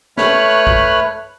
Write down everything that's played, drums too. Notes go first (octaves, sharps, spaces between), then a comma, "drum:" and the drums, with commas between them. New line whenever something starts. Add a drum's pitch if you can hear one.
A3 B4 C#5 B5 F6 F#6, drum: snare
drum: kick